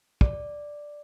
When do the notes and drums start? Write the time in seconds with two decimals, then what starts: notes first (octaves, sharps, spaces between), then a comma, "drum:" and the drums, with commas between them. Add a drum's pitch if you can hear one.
0.21 D5, drum: kick